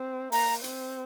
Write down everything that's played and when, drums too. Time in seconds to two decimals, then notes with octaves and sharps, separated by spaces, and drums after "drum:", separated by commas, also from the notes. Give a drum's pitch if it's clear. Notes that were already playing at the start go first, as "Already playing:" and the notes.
Already playing: C4
0.32 A#3 A#5, drum: open hi-hat
0.64 C4, drum: hi-hat